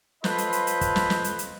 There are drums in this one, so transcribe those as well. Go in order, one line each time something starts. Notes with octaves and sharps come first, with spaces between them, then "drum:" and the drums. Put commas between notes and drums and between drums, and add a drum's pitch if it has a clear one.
F4 A4 B4 C5 D#5 B5, drum: snare
drum: hi-hat
drum: hi-hat
drum: hi-hat
drum: kick, hi-hat
drum: snare
drum: snare
drum: hi-hat
drum: hi-hat